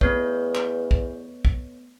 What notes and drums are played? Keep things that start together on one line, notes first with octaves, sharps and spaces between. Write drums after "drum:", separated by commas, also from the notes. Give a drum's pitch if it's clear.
E2 A3 B3 C#5, drum: kick
drum: clap
drum: kick
drum: kick